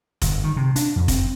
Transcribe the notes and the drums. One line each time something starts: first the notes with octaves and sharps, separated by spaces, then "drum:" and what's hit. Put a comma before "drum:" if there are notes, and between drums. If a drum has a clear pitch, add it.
G1, drum: kick F1, hi-hat
D#3
C3
D4, drum: hi-hat
F2
C4, drum: kick F1, hi-hat